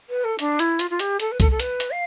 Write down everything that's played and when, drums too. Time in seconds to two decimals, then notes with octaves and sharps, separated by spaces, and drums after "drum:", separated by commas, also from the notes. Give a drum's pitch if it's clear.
0.09 B4
0.24 A4
0.39 D4, drum: hi-hat
0.59 E4, drum: hi-hat
0.79 F4, drum: hi-hat
0.90 F4
0.99 G4, drum: hi-hat
1.19 A4, drum: hi-hat
1.31 B4
1.40 A4, drum: kick C2, hi-hat
1.51 A4
1.59 B4, drum: hi-hat
1.80 drum: hi-hat
1.90 F5